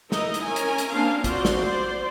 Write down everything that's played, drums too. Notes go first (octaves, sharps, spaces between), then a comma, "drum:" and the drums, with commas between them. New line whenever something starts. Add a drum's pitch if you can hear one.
D#4 E4 A#4 D#5, drum: snare
drum: hi-hat
C#4 A#4 G#5
drum: hi-hat
drum: hi-hat
A#3 C4 D4 F5
C4 F4 F#4 C5 D5, drum: kick, hi-hat
drum: snare
C5 D5